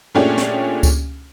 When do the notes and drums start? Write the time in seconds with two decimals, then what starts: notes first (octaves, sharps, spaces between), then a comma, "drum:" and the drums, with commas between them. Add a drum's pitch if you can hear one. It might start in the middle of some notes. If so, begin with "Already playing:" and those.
0.15 A#2 A3 C#4 D4 G4 G#4
0.37 drum: snare
0.83 drum: kick C#2, tambourine